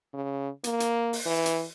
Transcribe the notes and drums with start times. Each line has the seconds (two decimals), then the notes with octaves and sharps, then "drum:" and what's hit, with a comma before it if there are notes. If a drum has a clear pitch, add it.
0.13 C#3
0.64 A#3, drum: hi-hat
0.80 drum: hi-hat
1.13 drum: open hi-hat
1.26 E3
1.46 drum: hi-hat